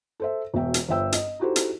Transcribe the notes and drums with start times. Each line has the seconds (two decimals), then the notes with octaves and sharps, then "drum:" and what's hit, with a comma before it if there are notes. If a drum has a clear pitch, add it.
0.20 A4 C5 E5
0.54 E1 B2 E5 G5
0.74 drum: hi-hat
0.89 G1 F4 C5 E5 G5 E6
1.12 D#5, drum: hi-hat
1.39 D#4 E4 F#4 G4 A4 C5
1.56 drum: hi-hat